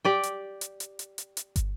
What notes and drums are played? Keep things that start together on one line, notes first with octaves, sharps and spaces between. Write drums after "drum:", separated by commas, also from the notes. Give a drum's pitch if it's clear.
G4 D5 G5
drum: hi-hat
drum: hi-hat
drum: hi-hat
drum: hi-hat
drum: hi-hat
drum: hi-hat
drum: kick, hi-hat